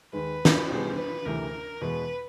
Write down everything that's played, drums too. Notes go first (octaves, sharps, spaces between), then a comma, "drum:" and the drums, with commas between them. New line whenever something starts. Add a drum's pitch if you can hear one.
D#2 D#3 G#3 B4
drum: snare
B2 G3 B3 D#4 G#4 C5
B4
D2 C3 E3 A3 A#4
E2 B2 G#3 B4